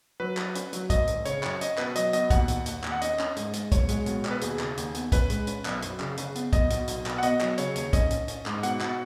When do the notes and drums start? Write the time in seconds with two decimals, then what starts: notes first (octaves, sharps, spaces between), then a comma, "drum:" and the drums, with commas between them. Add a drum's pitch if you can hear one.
0.20 F#3 B4
0.37 F#3, drum: clap
0.55 C#4, drum: hi-hat
0.73 F#3, drum: hi-hat
0.90 G#1 D#5, drum: kick, hi-hat
1.07 G#1, drum: hi-hat
1.25 C#3 C#5, drum: hi-hat
1.43 F#2, drum: clap
1.61 C#4 D#5, drum: hi-hat
1.78 B2 B4, drum: clap
1.95 F#3 D#5, drum: hi-hat
2.13 B2 D#5, drum: hi-hat
2.30 D#2 F#5, drum: kick, hi-hat
2.48 D#2, drum: hi-hat
2.66 D#2, drum: hi-hat
2.84 D#2, drum: clap
2.92 F#5
3.02 C#4 D#5, drum: hi-hat
3.19 C#4, drum: clap
3.36 G#2, drum: hi-hat
3.53 G#3, drum: hi-hat
3.72 B1 C#5, drum: kick, hi-hat
3.89 G#3, drum: hi-hat
4.06 B2, drum: hi-hat
4.25 B2, drum: clap
4.31 B4
4.41 D#2 G#4, drum: hi-hat
4.59 C#3, drum: clap
4.77 D#2, drum: hi-hat
4.95 B3, drum: hi-hat
5.12 C#4 B4, drum: kick, hi-hat
5.30 G#3, drum: hi-hat
5.47 C#4, drum: hi-hat
5.65 B1, drum: clap
5.82 F#2, drum: hi-hat
6.00 C#3, drum: clap
6.17 C#3, drum: hi-hat
6.35 B3, drum: hi-hat
6.53 B1 D#5, drum: kick, hi-hat
6.70 B2, drum: hi-hat
6.88 B1, drum: hi-hat
7.06 B2, drum: clap
7.18 F#5
7.23 B3 D#5, drum: hi-hat
7.41 F#3, drum: clap
7.58 C#3 C#5, drum: hi-hat
7.76 D#2, drum: hi-hat
7.93 C#4 D#5, drum: kick, hi-hat
8.11 C#4, drum: hi-hat
8.28 C#4, drum: hi-hat
8.46 G#2, drum: clap
8.63 B2 F#5, drum: hi-hat
8.81 B2, drum: clap